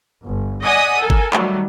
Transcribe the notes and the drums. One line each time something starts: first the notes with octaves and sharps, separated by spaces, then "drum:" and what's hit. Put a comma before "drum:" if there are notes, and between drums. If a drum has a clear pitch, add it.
G1
D5 D#5 F#5 G#5 D#6 B6
A4 A#4 G#5
drum: kick G1
D#3 F#3 G3 A3, drum: clap